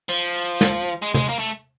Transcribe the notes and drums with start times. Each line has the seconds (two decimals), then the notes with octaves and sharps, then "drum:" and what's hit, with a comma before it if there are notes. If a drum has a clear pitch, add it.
0.09 F3
0.61 drum: snare
0.81 drum: hi-hat
1.02 G#3
1.14 G#3, drum: tom
1.29 A#3
1.39 A3